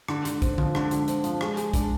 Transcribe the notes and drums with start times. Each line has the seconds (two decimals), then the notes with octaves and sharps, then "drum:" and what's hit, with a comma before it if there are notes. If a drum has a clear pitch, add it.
0.08 D3, drum: rim click
0.25 D3, drum: hi-hat
0.42 C4, drum: kick B1, hi-hat
0.58 F3, drum: tom D3
0.75 D3, drum: rim click
0.91 D3, drum: hi-hat
1.08 C4, drum: hi-hat
1.24 F3, drum: hi-hat
1.41 G#3, drum: rim click
1.57 G#3, drum: hi-hat
1.74 D4, drum: kick B1, hi-hat